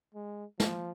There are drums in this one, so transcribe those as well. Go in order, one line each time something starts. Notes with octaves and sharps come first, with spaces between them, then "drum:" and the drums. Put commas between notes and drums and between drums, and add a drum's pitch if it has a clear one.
G#3
F3, drum: snare